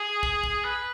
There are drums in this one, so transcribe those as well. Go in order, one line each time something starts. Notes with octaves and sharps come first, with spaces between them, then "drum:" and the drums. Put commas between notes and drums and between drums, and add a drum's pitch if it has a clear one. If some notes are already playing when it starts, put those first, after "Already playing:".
Already playing: G#4
drum: kick
drum: kick
B4